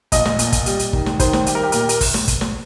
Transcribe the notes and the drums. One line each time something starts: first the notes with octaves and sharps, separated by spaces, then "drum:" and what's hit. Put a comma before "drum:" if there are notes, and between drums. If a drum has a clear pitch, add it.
A#1 D#5, drum: kick, hi-hat
drum: snare
A#2, drum: hi-hat
drum: kick, hi-hat
G3, drum: hi-hat
drum: hi-hat
D#3, drum: kick
drum: snare
D#3 C5, drum: kick, hi-hat
drum: snare
G3 G4, drum: hi-hat
A#4
G4
A#2 A#4, drum: hi-hat
G4
A#4, drum: hi-hat
drum: kick, open hi-hat
drum: snare
drum: kick, hi-hat
drum: snare